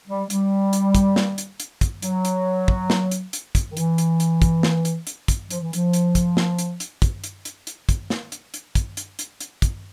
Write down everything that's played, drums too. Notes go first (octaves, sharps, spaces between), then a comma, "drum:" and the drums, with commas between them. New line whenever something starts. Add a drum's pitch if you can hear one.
G3
G3, drum: hi-hat
drum: hi-hat
drum: kick, hi-hat
drum: snare
drum: hi-hat
drum: hi-hat
drum: kick, hi-hat
F#3, drum: hi-hat
drum: hi-hat
drum: kick
drum: snare
drum: hi-hat
drum: hi-hat
drum: kick, hi-hat
D#3
E3, drum: hi-hat
drum: hi-hat
drum: hi-hat
drum: kick, hi-hat
drum: snare
drum: hi-hat
drum: hi-hat
drum: kick, hi-hat
F3, drum: hi-hat
E3
F3, drum: hi-hat
drum: hi-hat
drum: kick, hi-hat
drum: snare
drum: hi-hat
drum: hi-hat
drum: kick, hi-hat
drum: hi-hat
drum: hi-hat
drum: hi-hat
drum: kick, hi-hat
drum: snare
drum: hi-hat
drum: hi-hat
drum: kick, hi-hat
drum: hi-hat
drum: hi-hat
drum: hi-hat
drum: kick, hi-hat